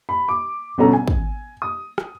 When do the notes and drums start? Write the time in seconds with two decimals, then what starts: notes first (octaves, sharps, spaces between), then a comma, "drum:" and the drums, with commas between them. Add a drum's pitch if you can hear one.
0.09 B5
0.28 D6
0.78 G1 B2 C#4 A4 A#5
0.93 G#5
1.08 drum: kick
1.62 D#6
1.98 drum: rim click